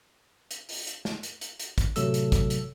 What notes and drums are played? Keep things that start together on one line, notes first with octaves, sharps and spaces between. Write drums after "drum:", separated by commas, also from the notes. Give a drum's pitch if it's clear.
drum: hi-hat
drum: open hi-hat
drum: hi-hat
drum: snare
drum: hi-hat
drum: hi-hat
drum: hi-hat
drum: kick, hi-hat
A1 C3 F#3 A3 A4 E6, drum: hi-hat
drum: hi-hat
drum: kick, hi-hat
drum: hi-hat